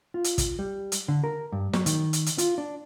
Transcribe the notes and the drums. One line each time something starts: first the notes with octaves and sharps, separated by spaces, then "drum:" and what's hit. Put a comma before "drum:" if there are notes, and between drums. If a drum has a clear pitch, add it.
F4
drum: hi-hat
drum: kick, hi-hat
G3
drum: hi-hat
D3
A#4
G2
F#3, drum: snare
D#3, drum: hi-hat
drum: hi-hat
drum: hi-hat
F4, drum: hi-hat
D4